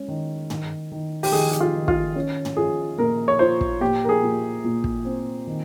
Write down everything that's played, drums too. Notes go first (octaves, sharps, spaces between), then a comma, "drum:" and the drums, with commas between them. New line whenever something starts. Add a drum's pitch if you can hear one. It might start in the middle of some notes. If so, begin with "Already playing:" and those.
Already playing: G#3 C#4
D#3
D#3, drum: tom
D#3
G4, drum: open hi-hat
D#3 G#4
G4, drum: hi-hat
F4
D#3
F4, drum: kick
C#4
drum: tom
F4 G#4
A#2 A#4
C#5
F4 C5
drum: kick
A#2 G4
A#4
G#4
A#2
A#2
drum: kick
C4
D#3